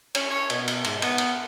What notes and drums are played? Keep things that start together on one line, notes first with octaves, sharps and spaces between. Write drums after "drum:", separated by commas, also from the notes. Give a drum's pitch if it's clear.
C#4, drum: cymbal
C#5
B2, drum: cymbal
drum: cymbal
G#2, drum: cymbal
B3, drum: cymbal
drum: cymbal